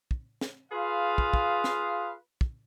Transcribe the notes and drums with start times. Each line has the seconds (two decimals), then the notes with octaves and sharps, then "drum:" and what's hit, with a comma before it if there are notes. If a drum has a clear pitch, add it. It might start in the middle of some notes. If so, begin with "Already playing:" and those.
0.11 drum: kick
0.41 drum: snare
0.72 F4 G#4 B4 F5
1.18 drum: kick
1.33 drum: kick
1.64 drum: snare
2.41 drum: kick